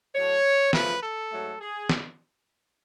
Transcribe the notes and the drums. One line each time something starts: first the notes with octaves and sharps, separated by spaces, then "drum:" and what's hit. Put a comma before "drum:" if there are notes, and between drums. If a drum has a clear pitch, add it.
A2 F#3 A3 C#5
F#2 C#3 F3 A3 B4, drum: snare
A4
G#2 F#3 A3
G#4
drum: snare